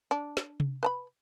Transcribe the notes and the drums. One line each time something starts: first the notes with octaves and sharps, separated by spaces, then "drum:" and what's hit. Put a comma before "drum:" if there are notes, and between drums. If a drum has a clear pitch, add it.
D4
drum: snare
drum: tom C3
B4 A5 B5